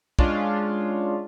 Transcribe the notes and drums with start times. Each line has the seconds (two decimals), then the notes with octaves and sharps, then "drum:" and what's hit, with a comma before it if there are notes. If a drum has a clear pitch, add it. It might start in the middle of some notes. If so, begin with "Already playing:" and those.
0.19 G#3 C#4 D4 F4, drum: kick